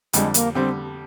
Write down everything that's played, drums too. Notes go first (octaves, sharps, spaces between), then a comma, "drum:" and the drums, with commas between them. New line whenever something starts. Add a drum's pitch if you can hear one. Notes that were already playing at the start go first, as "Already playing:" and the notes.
F2 D3 G3 G#3, drum: hi-hat
A#3, drum: hi-hat
D3 G3 C4